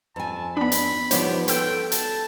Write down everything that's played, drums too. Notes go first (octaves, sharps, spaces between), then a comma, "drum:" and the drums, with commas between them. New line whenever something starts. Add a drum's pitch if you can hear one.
F2 G#5 A5
B3 D4 B5
drum: hi-hat
F3 B3 D#4 G4 C5 C#5 B5, drum: hi-hat
A4 G5 C6 E6 G6, drum: hi-hat
A5, drum: hi-hat